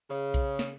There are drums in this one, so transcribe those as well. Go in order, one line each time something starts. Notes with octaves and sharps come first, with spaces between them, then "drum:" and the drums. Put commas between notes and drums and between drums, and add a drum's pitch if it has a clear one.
C#3
drum: kick B1, hi-hat
drum: snare